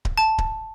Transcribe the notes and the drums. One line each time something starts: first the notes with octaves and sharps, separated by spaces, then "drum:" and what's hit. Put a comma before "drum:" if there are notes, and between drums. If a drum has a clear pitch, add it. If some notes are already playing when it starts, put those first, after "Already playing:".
drum: kick D1
A5
drum: kick D1